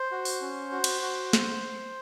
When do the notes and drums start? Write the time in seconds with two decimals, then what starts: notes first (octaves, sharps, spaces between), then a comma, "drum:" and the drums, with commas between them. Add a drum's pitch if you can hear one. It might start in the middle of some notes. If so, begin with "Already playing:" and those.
Already playing: C5
0.11 F#4
0.25 drum: open hi-hat
0.41 C#4
0.72 F#4
0.84 drum: cymbal
1.02 F#4
1.33 drum: snare